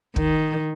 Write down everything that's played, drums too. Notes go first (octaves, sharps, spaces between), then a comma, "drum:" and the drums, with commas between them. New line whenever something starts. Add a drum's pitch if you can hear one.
D#3, drum: kick